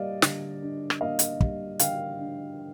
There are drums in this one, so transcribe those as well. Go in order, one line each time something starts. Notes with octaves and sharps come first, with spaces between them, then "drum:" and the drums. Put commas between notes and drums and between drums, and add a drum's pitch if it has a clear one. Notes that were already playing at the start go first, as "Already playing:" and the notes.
Already playing: G3 A#3 D5 D#5 F5
D3, drum: snare
D4
drum: rim click
A#3 D#5 F5
drum: hi-hat
G3, drum: kick
D3 F5 G5, drum: hi-hat
D4